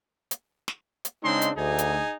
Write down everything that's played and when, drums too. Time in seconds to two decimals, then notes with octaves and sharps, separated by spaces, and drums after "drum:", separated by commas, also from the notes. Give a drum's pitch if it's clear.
0.31 drum: hi-hat
0.68 drum: snare
1.05 drum: hi-hat
1.23 C#3 G#3 C4 D4 D#4 C6
1.42 drum: hi-hat
1.56 D2 D#4 G#4 G#5
1.78 drum: hi-hat